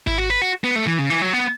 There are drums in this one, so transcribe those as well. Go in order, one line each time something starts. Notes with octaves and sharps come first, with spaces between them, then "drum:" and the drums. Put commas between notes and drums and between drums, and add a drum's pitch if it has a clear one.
E4, drum: kick G#1
F#4
B4
F#4
B3
A3
E3
C#3
E3
F#3
B3